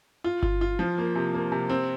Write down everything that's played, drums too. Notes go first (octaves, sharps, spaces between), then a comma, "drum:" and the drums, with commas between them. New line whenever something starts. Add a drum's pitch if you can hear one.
F4
F4, drum: kick G1
F4
F3
A#3
C3
A#3
C3
C4